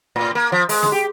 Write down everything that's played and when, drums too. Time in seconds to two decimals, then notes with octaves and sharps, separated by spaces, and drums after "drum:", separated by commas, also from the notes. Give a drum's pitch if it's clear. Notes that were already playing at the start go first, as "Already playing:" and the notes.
0.16 A2
0.35 A#3
0.52 F3
0.69 G#3, drum: open hi-hat
0.83 drum: snare
0.92 G4